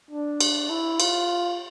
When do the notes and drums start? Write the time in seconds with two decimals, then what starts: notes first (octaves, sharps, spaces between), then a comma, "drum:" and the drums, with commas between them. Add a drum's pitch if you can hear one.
0.11 D4
0.41 drum: cymbal
0.69 E4
1.00 F4, drum: cymbal